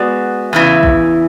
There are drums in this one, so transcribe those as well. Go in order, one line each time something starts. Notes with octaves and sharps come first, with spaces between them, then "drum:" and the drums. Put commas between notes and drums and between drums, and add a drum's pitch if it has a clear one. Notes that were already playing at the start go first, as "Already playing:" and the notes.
Already playing: G#3 B3 F#4 D5
E2 C#3 E3
drum: kick